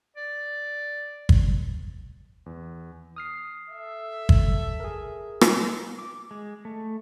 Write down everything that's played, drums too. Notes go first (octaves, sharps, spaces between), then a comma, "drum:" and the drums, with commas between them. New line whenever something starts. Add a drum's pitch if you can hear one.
D5
drum: kick G1
E2
D#6 F6 C7
A4 E5
drum: kick G1
G#4 A#4
drum: rim click
D6
G#3
A3